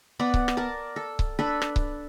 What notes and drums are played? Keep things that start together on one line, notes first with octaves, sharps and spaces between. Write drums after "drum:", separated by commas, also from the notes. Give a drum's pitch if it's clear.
B3 B4 D5 F#5
drum: kick C#1
drum: rim click
A#4 D5 A5
A4
drum: kick C#1
D4 A4 B4
drum: rim click
drum: kick C#1